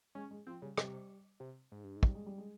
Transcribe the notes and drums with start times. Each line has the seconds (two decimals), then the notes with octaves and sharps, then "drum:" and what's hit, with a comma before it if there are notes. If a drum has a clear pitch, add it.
0.15 G#3 C#4
0.31 G#3
0.47 F3 C4
0.62 C#3 G3
0.78 C3 G3, drum: rim click
1.40 C3
1.72 G#2
1.84 G2
1.96 G#2
2.03 G3, drum: kick
2.15 G#3
2.26 G3
2.38 G#3